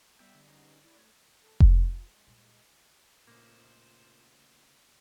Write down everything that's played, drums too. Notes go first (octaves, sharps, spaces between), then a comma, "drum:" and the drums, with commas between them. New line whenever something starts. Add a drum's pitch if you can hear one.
G3 B3 E5 G5
D3
C#4 D#4 G#4
E4 D5
A3 C#5
A4
D#5 E5, drum: kick F1
F4
G#3
A#2 G3
A#2 C#3 A3 A#3 D#4 F4 C5